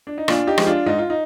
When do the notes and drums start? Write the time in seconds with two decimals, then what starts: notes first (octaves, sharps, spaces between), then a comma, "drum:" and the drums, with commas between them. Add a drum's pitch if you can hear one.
0.07 D4
0.18 D#4
0.28 A#2 D4 F4, drum: rim click
0.47 D#4 G4
0.58 F3 G#3, drum: rim click
0.67 D4 F4
0.86 G#2 D#4
0.98 F4
1.10 D#4